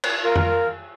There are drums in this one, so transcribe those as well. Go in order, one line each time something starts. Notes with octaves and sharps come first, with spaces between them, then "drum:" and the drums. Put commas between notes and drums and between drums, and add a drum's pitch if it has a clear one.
drum: cymbal
F4 A#4
drum: tom F2